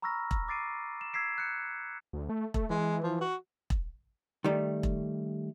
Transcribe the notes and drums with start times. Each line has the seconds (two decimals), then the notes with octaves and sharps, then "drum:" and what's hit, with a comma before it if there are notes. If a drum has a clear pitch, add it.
0.02 A#5 B5 C#6 E6 F6 A#6
0.31 drum: kick E1
0.48 D6 A6 C7 D7 D#7
1.01 E7
1.13 E6 G#6 B6 C7 D7
1.38 F#6 G6 C7 C#7
2.13 D2
2.29 A3
2.54 A3, drum: kick E1
2.70 E3 G#3
3.03 F3
3.21 F#4
3.70 drum: kick E1
4.44 D#3 G3 A3
4.83 drum: kick E1